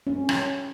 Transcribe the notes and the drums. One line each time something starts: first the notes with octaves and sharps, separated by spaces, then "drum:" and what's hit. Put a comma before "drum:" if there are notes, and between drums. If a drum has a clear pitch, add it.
C#4
drum: rim click